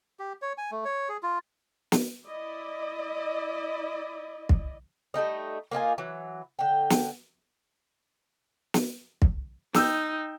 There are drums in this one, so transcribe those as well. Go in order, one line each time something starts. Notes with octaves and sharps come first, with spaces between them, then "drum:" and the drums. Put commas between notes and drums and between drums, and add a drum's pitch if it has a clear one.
G4
C#5
G#5
A3
C#5
G#4
F4
drum: snare
E4 D5 D#5
drum: kick
G3 A3 D#4 D#5
A#3 D#4 F4 G#5
E3 F#3
D3 G5
drum: snare
drum: snare
drum: kick
D#4 G5 E6 G6, drum: snare